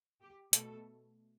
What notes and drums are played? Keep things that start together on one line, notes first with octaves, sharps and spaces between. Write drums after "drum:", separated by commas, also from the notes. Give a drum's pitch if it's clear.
G4
B2 A3 A4, drum: hi-hat